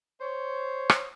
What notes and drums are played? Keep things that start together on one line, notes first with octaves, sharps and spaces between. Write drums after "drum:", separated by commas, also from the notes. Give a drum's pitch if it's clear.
C5 C#5
drum: rim click